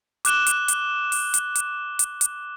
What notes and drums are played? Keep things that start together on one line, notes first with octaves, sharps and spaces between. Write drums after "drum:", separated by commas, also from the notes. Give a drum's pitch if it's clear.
D6 F#6 E7 G7, drum: hi-hat
drum: hi-hat
drum: hi-hat
drum: open hi-hat
drum: hi-hat
drum: hi-hat
drum: hi-hat
drum: hi-hat